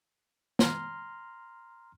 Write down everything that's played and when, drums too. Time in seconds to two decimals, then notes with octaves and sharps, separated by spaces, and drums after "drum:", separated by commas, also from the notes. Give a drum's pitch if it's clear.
0.59 A#5 C6 F6, drum: snare